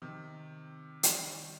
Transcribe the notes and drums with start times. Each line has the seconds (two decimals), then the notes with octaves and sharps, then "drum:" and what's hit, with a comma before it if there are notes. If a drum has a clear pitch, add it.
0.02 C3 D#3
1.03 D#3 G3, drum: hi-hat